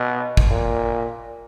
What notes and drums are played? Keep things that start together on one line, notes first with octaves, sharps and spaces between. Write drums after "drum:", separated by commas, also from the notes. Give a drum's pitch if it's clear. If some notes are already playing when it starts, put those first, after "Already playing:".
Already playing: B2
drum: kick
A#2